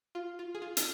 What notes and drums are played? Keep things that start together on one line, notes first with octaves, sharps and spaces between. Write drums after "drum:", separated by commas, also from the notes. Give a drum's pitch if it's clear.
F4
F4
G#4
F4
drum: hi-hat